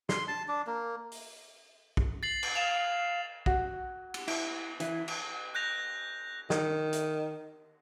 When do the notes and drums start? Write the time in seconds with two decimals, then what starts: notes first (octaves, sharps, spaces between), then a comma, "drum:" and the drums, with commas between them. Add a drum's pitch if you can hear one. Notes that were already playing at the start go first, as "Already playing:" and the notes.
0.09 C6, drum: snare
0.28 A5
0.48 D4
0.67 A#3
1.12 drum: open hi-hat
1.97 drum: kick
2.23 A6 C7 F#7
2.43 drum: cymbal
2.56 F5 A6 E7 F7
3.46 F#4, drum: kick
4.14 drum: cymbal
4.28 E4, drum: cymbal
4.80 E3 E4, drum: hi-hat
5.08 drum: cymbal
5.55 F#6 G6 A#6 F7
6.50 D#3, drum: snare
6.93 drum: hi-hat